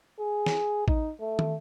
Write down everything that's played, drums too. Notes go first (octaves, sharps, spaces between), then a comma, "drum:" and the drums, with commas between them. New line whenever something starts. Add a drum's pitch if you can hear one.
G#4
drum: snare
D#4, drum: kick A1
A3
drum: tom